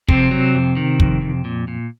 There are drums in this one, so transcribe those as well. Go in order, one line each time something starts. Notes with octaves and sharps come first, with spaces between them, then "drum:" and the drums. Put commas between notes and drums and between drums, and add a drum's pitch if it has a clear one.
F2 C3 C4, drum: kick
F#3
F2
D#3
F2, drum: kick
F2
A#2
A#2